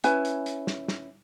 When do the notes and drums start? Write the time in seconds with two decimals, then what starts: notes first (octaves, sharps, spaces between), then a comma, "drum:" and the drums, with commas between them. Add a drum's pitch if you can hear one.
0.04 C#4 E4 B4 G#5, drum: hi-hat
0.25 drum: hi-hat
0.46 drum: hi-hat
0.67 drum: snare
0.88 drum: snare